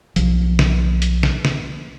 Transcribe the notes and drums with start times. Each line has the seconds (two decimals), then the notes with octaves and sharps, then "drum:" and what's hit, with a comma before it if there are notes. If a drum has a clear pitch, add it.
0.16 B1 F3, drum: hi-hat
0.59 drum: snare
1.02 drum: hi-hat
1.23 drum: snare
1.45 drum: snare